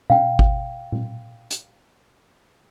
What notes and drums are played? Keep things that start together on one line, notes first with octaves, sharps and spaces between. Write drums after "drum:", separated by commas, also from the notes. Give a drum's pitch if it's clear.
F5 G5, drum: tom B2
drum: kick G#1
drum: tom A#2
drum: hi-hat